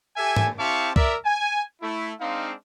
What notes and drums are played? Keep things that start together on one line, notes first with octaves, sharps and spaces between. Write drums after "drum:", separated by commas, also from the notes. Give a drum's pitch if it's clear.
G4 A4 E5 G#5
drum: tom
C4 E4 G4 F5 A5 C#6
A#4 D5 E5, drum: kick C2
G#5
A3 E4
G#3 C4 D4 D#4 F5